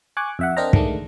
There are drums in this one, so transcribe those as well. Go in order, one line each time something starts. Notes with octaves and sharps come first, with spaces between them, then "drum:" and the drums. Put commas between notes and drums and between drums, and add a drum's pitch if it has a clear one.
G#5 C#6 D6 F#6
F2 E5 F#5
C4 D4 A#4 C5 D#5 A#5
D#3 G#3 A3 D4, drum: kick